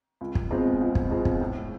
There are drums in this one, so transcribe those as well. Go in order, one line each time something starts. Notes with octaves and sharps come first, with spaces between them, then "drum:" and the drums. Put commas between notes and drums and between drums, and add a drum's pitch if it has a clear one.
C#2
drum: kick
B2 G#3 C4 F4
C#2
drum: kick
B2 G#3 C4 F4
drum: kick
A2